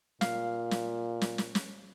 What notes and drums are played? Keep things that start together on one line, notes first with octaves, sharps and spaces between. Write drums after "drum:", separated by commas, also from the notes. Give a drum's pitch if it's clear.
A#2 F5, drum: snare
drum: snare
drum: snare
drum: snare
drum: snare